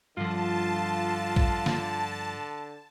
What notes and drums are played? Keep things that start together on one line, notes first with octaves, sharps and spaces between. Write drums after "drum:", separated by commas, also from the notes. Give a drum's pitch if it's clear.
G2 D3 F3 F4 A5
drum: kick
drum: snare